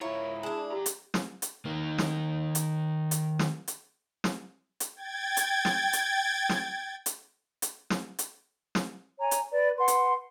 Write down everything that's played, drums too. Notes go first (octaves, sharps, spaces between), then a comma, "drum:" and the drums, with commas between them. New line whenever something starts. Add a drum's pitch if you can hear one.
G#2 E4 F4 A#4 C#5 A#5
G#3 D4 A5
F#2 G4 A#5
drum: hi-hat
drum: snare
drum: hi-hat
D#3 A#3
drum: snare
drum: hi-hat
drum: hi-hat
drum: snare
drum: hi-hat
drum: snare
drum: hi-hat
G5 G#6 A6
drum: hi-hat
drum: snare
drum: hi-hat
drum: snare
drum: hi-hat
drum: hi-hat
drum: snare
drum: hi-hat
drum: snare
C#5 G#5 A#5
drum: hi-hat
B4 D5
B4 F#5 C6
drum: hi-hat